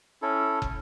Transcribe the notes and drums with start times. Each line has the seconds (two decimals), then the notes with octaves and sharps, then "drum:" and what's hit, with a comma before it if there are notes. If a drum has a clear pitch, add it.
0.22 C#4 E4 A4
0.62 drum: kick